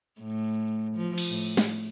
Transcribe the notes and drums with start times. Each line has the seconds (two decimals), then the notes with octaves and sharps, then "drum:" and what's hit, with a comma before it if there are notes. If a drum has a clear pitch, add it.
0.21 A2
0.96 F3
1.18 drum: cymbal
1.29 A2
1.57 drum: snare